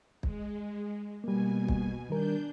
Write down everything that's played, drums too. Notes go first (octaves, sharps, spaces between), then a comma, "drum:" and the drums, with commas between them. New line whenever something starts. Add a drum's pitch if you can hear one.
G#3, drum: kick
B2 G3 A#3 G#5
drum: kick
D#3 G3 D4 A#4 G6